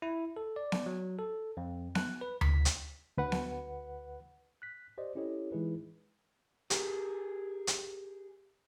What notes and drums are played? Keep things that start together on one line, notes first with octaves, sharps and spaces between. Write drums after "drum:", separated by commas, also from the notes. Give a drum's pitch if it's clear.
E4
A4
D5
drum: snare B3
F#3
A4
F2
F#6, drum: snare B3
B4
B6, drum: tom D2
drum: hi-hat
D2 B4 F#5
drum: snare B3
F#6 B6
G4 C5 D5 D#5
C#4 E4 G4 A4 C#5 D#5
E3 G#3 D#4 E4 G#4 B4
G4 G#4 A#4, drum: hi-hat
drum: hi-hat